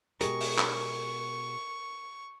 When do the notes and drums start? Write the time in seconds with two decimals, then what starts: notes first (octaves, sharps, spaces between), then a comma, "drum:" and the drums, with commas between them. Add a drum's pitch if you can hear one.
0.21 B2 G#3 G4 G#4 A#4 C#6, drum: hi-hat
0.41 drum: open hi-hat
0.58 drum: clap